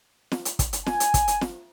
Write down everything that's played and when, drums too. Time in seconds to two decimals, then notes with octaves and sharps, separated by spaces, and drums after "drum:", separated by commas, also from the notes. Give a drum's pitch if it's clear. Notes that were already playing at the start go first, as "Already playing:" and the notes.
0.32 drum: snare
0.45 drum: hi-hat
0.59 drum: kick, hi-hat
0.73 drum: hi-hat
0.86 G#5, drum: snare
1.00 drum: hi-hat
1.14 drum: kick, hi-hat
1.28 drum: hi-hat
1.41 drum: snare